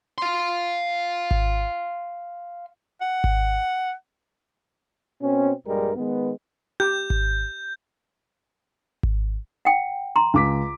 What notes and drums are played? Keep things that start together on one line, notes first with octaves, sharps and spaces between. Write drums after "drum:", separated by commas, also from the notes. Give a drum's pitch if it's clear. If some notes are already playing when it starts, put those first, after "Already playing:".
F5 C6
drum: kick G#1
F#5
drum: kick G#1
B2 C4 C#4
A#1 G2 G3 G#3 A#4
D#3 G#3 B3
G4 G6
drum: kick G#1
drum: kick G#1
F#5 G5
A#5 C6
C#2 D6 B6